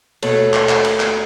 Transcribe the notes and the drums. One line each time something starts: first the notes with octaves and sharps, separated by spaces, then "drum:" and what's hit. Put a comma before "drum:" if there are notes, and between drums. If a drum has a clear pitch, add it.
D#2 B2 A3 A4 C#5, drum: cymbal
drum: clap
drum: clap
drum: cymbal
drum: clap